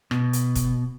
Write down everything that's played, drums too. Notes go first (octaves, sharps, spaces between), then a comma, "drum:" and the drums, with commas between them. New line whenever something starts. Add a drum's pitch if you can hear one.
B2, drum: rim click
drum: hi-hat
drum: kick, hi-hat